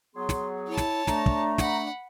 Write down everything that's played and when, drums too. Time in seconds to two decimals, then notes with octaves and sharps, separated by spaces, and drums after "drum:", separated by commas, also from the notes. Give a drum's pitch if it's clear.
0.16 F#3 B3 G#4 C6
0.29 drum: snare
0.67 E4 C#5 A5
0.77 drum: snare
1.07 A3 D4 A#5, drum: snare
1.26 drum: kick
1.58 F#5 B5, drum: snare